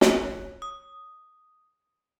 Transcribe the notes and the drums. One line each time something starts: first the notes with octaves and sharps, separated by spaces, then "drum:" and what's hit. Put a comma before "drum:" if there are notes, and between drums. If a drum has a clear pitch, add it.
C#5, drum: snare
D#6